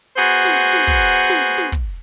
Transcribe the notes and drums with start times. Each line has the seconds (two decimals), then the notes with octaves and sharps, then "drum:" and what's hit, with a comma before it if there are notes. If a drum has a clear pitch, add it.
0.17 B3 F#4 G#4 C5
0.45 drum: snare
0.73 drum: snare
0.87 drum: kick
1.30 drum: snare
1.58 drum: snare
1.72 drum: kick